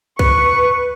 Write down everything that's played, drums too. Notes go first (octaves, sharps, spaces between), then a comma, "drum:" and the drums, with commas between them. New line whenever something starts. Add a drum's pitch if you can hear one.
B4 C#6, drum: kick